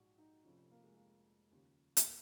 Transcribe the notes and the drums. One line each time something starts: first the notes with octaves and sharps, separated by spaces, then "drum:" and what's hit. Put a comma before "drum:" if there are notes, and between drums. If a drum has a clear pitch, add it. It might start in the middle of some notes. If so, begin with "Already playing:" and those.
Already playing: A#1 G#2 F#3 F#4
D#4
F1 F2 F3 C#4
A#3
G#3
A#3
D#2 C#3 F3
A#3, drum: hi-hat
B3